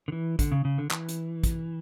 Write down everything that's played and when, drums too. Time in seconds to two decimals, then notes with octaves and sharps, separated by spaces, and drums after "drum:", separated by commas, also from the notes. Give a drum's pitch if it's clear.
0.08 D3
0.12 E3
0.39 D3, drum: kick, hi-hat
0.52 C#3
0.65 C#3
0.78 D3
0.91 E3, drum: clap
1.09 drum: hi-hat
1.43 drum: kick, hi-hat